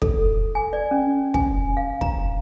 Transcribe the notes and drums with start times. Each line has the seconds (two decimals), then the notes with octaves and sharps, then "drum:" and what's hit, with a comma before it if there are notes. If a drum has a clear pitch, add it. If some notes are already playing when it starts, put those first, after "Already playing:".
0.02 A4, drum: kick
0.55 G#5
0.73 D5
0.91 C#4
1.34 G#5, drum: kick
1.77 F5
2.01 A#5, drum: kick